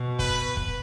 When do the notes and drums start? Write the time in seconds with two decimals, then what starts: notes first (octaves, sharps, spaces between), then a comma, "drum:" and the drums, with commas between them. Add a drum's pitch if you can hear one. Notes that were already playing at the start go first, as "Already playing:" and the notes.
Already playing: B2
0.19 B4, drum: kick
0.57 drum: kick